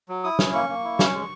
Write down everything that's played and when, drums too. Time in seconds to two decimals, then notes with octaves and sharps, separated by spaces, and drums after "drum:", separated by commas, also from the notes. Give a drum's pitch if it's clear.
0.09 F#3
0.24 E4 D#6
0.39 C#4, drum: snare
0.54 A#3 C#6
0.69 A#3
0.84 E4
0.99 C#4, drum: snare
1.14 G#3